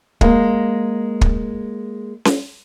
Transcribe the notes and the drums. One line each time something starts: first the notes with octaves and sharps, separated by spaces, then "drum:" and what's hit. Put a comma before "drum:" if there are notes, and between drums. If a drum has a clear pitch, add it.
G#3 A#3, drum: kick
drum: kick
drum: snare C#4